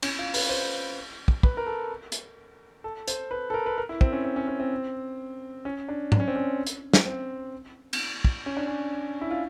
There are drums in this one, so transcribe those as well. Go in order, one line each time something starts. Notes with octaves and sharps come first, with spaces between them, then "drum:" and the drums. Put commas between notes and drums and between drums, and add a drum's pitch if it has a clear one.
C#4, drum: cymbal
F4
B4, drum: open hi-hat
C5
drum: kick
B4, drum: kick
A#4
A4
drum: hi-hat
A4
C5, drum: hi-hat
B4
A4
A#4
B4
A#4
E4
C4, drum: kick
C#4
C4
C#4
C#4
C4
C#4
D4
D4, drum: tom
C#4
C4
C#4
drum: hi-hat
drum: snare
C4
drum: cymbal
drum: kick
C#4
D4
C#4
E4
F4